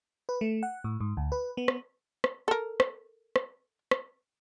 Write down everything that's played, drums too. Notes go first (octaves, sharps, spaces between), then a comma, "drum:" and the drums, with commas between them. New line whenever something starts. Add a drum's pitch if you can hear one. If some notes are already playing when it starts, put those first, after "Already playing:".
B4
A3
F#5
A2
G#2
D2
B4
B3
drum: rim click
drum: rim click
A4 A#4
drum: rim click
drum: rim click
drum: rim click